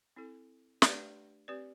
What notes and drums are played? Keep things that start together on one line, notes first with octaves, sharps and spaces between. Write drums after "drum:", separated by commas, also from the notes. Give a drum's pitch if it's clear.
C4 E4 A4
A3 D4 G4 B4 D5, drum: snare
C4 G4 B4 D5